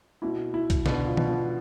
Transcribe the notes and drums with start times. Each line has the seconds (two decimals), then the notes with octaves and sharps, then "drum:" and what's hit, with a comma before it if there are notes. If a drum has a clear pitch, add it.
0.22 B2 E4
0.54 E4
0.70 drum: kick, hi-hat
0.86 B2 D3, drum: snare
1.07 F3
1.17 B2, drum: tom
1.28 F3